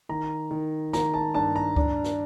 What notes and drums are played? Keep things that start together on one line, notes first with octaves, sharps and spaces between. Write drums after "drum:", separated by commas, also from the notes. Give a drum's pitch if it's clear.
D#3 A#5
D#3
D#3 A#5, drum: snare
A5
G2 A5
A#5
D4, drum: kick D2
drum: snare